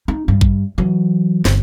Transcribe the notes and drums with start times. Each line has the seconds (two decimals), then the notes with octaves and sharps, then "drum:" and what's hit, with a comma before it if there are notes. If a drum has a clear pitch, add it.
0.08 D#4
0.28 G2
0.41 drum: kick A1
0.78 E3 F#3
1.45 G1, drum: snare